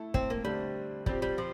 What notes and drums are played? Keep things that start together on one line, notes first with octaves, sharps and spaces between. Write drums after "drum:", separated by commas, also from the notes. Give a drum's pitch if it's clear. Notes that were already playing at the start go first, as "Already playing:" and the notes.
Already playing: A3 E4 A4
C4, drum: kick
A#3
D3 G3 A3 C4
F3 G3 C4 G4, drum: kick
G3
F3